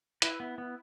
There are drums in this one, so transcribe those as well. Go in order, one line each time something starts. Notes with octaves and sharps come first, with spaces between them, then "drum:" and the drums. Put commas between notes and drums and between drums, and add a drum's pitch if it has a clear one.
E4 B4, drum: hi-hat
B3
B3